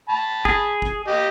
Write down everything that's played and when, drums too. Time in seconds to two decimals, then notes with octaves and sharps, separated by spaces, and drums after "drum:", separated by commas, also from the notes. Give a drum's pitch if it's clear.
0.09 A5 B5
0.45 G#4, drum: kick
0.82 drum: kick
1.08 G4 D#5